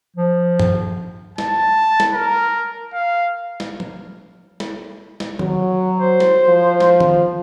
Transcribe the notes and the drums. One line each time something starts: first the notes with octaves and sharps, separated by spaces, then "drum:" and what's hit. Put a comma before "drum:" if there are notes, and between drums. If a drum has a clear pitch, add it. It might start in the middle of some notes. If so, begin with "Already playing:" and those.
F3
drum: tom
A5, drum: snare
drum: snare
A#4
F5
drum: snare
drum: tom
drum: snare
drum: snare
F#3, drum: tom D#3
C5
drum: snare
F3
drum: snare
drum: tom D#3